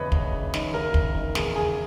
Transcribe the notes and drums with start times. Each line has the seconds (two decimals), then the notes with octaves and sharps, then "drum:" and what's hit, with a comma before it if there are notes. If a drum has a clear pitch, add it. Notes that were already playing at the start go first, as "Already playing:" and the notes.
Already playing: F#1 E2 D#3 B4 C#5 D#5
0.12 F#1, drum: kick
0.32 F#1
0.54 D#3, drum: snare
0.74 F#1 A#4
0.94 F#1, drum: kick
1.15 D#3
1.35 E2 G#4, drum: snare
1.56 F#1 G#4